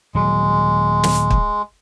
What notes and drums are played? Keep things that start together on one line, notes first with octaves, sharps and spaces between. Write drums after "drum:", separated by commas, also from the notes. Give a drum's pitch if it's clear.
D#1 F#3 G#3
drum: snare
drum: kick